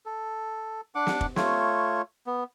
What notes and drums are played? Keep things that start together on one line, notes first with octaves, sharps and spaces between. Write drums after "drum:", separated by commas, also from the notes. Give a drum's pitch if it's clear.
A4
D4 F#5 D6
drum: snare
drum: kick
A3 F4 C#5, drum: snare
B3